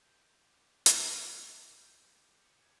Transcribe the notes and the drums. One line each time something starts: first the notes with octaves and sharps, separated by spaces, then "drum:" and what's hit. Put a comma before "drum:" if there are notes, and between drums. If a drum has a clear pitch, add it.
G6
D6
drum: hi-hat
F#7
C#7
G6
D6
C#7
G#6